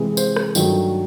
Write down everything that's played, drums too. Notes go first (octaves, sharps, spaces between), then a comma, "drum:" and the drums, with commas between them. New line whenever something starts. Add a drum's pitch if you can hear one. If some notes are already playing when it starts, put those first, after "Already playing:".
Already playing: C3 E3 G#3
C5, drum: tambourine
drum: rim click
G2 D#3 F#3 A3, drum: tambourine